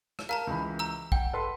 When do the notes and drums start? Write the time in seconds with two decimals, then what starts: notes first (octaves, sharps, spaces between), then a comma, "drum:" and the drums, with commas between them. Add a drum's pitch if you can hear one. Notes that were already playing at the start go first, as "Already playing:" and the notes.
0.19 drum: rim click
0.29 A#4 F5 A5 A#5
0.47 C#2 E3 B5
0.79 A#5 E6
1.12 F#5 G5, drum: kick
1.33 A4 B4 C6